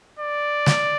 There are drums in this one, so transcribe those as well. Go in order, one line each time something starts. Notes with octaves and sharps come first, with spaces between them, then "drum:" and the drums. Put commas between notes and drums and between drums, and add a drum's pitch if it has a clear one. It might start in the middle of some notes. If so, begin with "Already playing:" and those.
D5
drum: snare